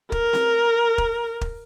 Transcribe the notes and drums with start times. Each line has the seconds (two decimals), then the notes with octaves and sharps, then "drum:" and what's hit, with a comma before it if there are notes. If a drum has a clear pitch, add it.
0.12 A#4, drum: kick
0.33 drum: snare C4
0.98 drum: kick
1.41 drum: kick